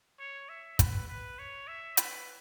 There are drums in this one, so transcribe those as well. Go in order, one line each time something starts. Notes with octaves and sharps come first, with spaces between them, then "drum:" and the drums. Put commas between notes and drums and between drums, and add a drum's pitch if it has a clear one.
C#5
E5
B4, drum: kick, hi-hat
B4
C#5
E5
B4, drum: hi-hat